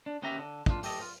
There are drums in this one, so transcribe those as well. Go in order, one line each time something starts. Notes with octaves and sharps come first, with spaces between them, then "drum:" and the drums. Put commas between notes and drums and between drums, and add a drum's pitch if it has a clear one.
D4
D#2 B3 C#4 G4 E5 A#5
D3
A#2 D4 F4, drum: kick
A2 G4 A4 D#5, drum: open hi-hat
F4